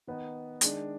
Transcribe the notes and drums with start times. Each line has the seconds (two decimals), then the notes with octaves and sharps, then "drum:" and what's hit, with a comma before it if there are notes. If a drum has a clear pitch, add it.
0.07 D#3 B3 D#4
0.61 D#3 G#3 D4, drum: hi-hat